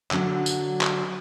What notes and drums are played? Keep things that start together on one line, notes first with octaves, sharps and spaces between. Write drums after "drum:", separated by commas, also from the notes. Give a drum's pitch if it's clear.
D3 F#3 D4, drum: clap
drum: tambourine
drum: clap